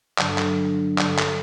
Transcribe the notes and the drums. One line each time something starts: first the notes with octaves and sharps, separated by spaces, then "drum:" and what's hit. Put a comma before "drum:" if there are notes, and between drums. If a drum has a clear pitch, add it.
G2 D3 F#3, drum: clap
drum: clap
G2 D3 F#3, drum: clap
drum: clap